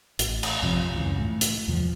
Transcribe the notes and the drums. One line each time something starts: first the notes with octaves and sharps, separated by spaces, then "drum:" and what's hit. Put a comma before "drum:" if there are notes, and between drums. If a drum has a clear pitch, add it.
A1, drum: hi-hat
drum: cymbal
F2 C3 F3
C#2 F#2 E3
A2
drum: hi-hat
E2 C3 E3 F3